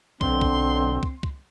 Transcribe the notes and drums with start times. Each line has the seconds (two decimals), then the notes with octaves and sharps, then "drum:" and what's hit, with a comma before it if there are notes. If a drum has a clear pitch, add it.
0.21 B1 D3 C4 C6, drum: kick
0.41 drum: kick
1.03 drum: kick
1.23 drum: kick